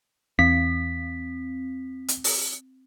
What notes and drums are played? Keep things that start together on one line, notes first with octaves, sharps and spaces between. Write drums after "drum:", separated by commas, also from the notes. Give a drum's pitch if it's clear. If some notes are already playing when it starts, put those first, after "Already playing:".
E2 C4 B6
drum: hi-hat
drum: open hi-hat